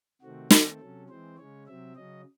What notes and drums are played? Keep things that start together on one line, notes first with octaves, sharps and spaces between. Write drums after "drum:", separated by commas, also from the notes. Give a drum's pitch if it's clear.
C3 D#3 A3 C4 F#4
D#3 A3 C4 A4, drum: snare
C3 F#3 C#4
E3 G#3 C4 C5
C#3 G#3 C#4 C#5
C3 F#3 C4 E5
C#3 F#3 C#4 D#5